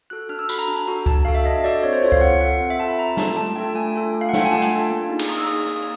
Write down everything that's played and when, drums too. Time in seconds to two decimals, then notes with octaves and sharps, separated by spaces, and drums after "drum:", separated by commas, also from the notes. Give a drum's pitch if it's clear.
0.10 F#4 A4 F#6
0.29 D4 F6
0.39 E6
0.49 F#4 A4 B5, drum: tambourine
0.58 A#5
0.68 D4
0.87 F#4 A4
1.06 D4 A5, drum: kick C#2
1.25 F#4 A4 F5
1.35 E5
1.45 D4 D#5
1.64 F#4 A4 D5
1.83 C4 C#5
1.93 C5
2.02 F4 A4 C#5
2.12 F5, drum: kick C#2
2.21 C4 F#5
2.40 F4 A4 F#5
2.61 C4
2.70 E5
2.79 F4 A4 A5
2.89 B5
2.99 C4 A#5
3.17 F4 A4 A5, drum: snare
3.37 A3 A5
3.56 D4 F4 A4 G5
3.75 A3 G#5
3.95 D4 F4 A4
4.14 A3
4.21 F5
4.29 F#5
4.33 D4 F4 A4 G5, drum: snare
4.45 G#5
4.51 A3 A5
4.62 drum: hi-hat
4.71 D4 F4 A4
4.90 A#3
5.09 D#4 G#4
5.19 drum: cymbal
5.29 A#3 D#6
5.37 E6
5.47 D#4 G#4 D#6
5.66 A#3